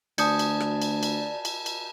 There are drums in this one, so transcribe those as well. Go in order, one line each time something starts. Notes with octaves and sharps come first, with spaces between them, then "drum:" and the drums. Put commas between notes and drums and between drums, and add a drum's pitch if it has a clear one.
D2 D5 G#5 A5 D#6 G6 G#6 C#7, drum: cymbal
drum: cymbal
drum: rim click
drum: cymbal
drum: cymbal
drum: cymbal
drum: cymbal